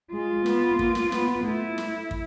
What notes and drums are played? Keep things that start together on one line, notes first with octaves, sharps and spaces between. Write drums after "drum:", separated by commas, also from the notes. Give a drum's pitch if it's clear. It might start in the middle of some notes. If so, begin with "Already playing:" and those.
G#3 F4
B3, drum: snare
A#3, drum: kick
drum: snare
B3, drum: snare
A3 E4
drum: snare
drum: kick